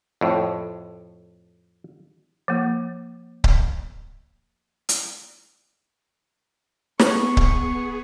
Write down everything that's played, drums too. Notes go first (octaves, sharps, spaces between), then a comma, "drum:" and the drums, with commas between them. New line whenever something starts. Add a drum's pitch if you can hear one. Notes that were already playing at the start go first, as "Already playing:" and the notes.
F2 A2
F3 A#3
drum: kick C#1
drum: hi-hat
B3 G#4 C#6, drum: snare
drum: kick C#1